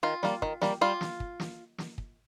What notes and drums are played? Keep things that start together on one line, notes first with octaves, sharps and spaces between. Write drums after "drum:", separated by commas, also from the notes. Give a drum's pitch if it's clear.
D#3 F4
G3 A#3, drum: snare
D#3, drum: kick
G3 A#3, drum: snare
G3 F4
drum: snare
drum: kick
drum: snare
drum: snare
drum: kick